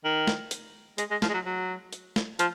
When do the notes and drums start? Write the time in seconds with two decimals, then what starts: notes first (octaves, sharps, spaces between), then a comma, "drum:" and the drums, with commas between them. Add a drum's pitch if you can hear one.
0.04 D#3
0.27 drum: snare
0.51 drum: hi-hat
0.98 G#3, drum: hi-hat
1.11 G#3
1.22 F3, drum: snare
1.29 G#3
1.34 F#3
1.46 F#3
1.93 drum: hi-hat
2.16 drum: snare
2.39 F3, drum: hi-hat